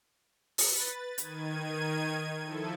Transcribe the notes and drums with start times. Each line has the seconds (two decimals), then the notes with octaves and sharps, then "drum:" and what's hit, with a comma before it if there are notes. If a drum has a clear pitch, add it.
0.58 B4 A6, drum: open hi-hat
1.18 D#3 G#6 D#7, drum: hi-hat
2.42 F3 E4 A4